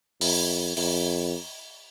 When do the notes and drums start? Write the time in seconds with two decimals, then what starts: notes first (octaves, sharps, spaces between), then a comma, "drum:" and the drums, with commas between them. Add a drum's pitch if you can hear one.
0.21 F2, drum: open hi-hat
0.77 F2, drum: open hi-hat